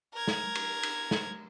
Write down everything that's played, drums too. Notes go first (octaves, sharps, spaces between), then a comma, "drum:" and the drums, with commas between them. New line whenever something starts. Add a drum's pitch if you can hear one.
A#4 G#6
drum: snare
drum: cymbal
drum: cymbal
drum: snare